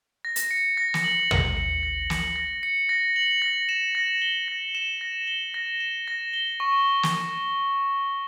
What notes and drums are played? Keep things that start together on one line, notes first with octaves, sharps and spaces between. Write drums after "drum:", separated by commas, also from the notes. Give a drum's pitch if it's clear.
A#6
drum: hi-hat
C#7
A#6
drum: snare
F#7
A#6, drum: tom
C#7
A#6
F#7, drum: snare
A#6
C#7
A#6
F#7
A#6
E7
A#6
G7
A#6
E7
A#6
G7
A#6
E7
A#6
G7
C#6
drum: snare